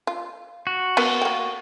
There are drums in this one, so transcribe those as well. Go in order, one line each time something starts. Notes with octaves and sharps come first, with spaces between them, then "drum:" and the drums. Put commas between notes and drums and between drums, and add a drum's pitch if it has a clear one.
F4
F#4
B3 A#4, drum: cymbal
A#3 G5